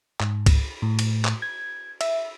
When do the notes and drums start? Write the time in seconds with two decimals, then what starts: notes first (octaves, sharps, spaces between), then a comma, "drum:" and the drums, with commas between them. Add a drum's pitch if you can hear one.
0.20 G#2, drum: clap
0.46 drum: kick C#2, cymbal
0.82 A2
0.99 drum: cymbal
1.25 drum: clap
1.42 G#6
2.01 E5, drum: cymbal